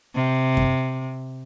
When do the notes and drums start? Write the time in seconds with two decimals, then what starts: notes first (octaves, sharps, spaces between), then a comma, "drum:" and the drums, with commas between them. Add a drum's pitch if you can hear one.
0.15 C3
0.57 drum: kick F#2